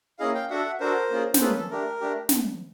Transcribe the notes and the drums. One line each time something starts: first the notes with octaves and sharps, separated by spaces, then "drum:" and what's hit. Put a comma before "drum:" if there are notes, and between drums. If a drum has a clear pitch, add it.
A#3 C#4 E4 G#4 D#5 F5
F5 G5
D4 F#4 A4 E5 F#5
D4 F#4 A4 A#4 C5
A#3 C#4 F4 G#4
C5, drum: snare
A#3 C#4 F4 G#4 A4 B4
A4
A3 D4 G4 A#4
A3 D4 G4
drum: snare